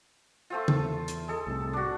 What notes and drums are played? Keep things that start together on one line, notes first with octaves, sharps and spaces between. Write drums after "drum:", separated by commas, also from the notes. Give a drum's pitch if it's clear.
A3 C4 F4
E2 A5, drum: tom C#3
drum: hi-hat
G#3 A4
C2 A2 C3
D4 F#4